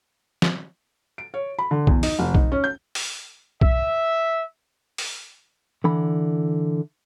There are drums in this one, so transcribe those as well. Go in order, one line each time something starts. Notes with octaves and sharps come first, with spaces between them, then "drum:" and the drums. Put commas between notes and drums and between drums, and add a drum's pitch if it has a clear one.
drum: snare
D7
C#5
B5
D3
E2, drum: kick B1
D#4, drum: open hi-hat
F1
D#4, drum: kick B1
C#4
G6
drum: open hi-hat
E5, drum: kick B1
drum: open hi-hat
D3 E3 B5